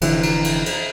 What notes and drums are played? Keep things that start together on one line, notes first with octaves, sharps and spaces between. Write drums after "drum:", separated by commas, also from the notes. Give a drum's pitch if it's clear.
F1 F2 D3 E3, drum: cymbal
drum: cymbal
drum: cymbal
drum: cymbal